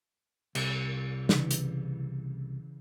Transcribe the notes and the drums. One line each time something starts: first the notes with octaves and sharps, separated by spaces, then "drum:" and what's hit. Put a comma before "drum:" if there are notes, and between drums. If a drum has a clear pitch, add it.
C2, drum: cymbal
C#3 E3, drum: snare
drum: hi-hat